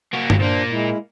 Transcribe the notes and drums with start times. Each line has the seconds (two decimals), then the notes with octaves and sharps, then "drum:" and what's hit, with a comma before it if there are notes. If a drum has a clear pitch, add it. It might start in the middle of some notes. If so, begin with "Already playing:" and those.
0.14 A#3 F#4
0.30 drum: tom G2
0.39 A#2 A#3 D4 C5
0.71 G#3 E4